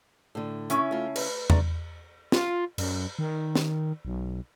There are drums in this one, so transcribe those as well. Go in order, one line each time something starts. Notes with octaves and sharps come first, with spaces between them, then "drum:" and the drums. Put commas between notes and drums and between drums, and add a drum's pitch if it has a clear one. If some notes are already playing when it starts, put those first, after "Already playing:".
A2 D3
C#3 C#4 E4, drum: hi-hat
A3 F4
B4, drum: cymbal
G#3 D4 D5 A#5, drum: tom E2
F4, drum: snare
F#2, drum: cymbal
D#3
drum: snare
B1